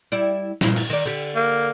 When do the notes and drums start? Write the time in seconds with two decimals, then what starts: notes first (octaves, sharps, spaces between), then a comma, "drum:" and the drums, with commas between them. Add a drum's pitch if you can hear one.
0.12 G3 E4 D5
0.61 G2 A#2 E4, drum: snare
0.76 drum: cymbal
0.90 D#3 D5
1.06 D3 G4
1.36 A#3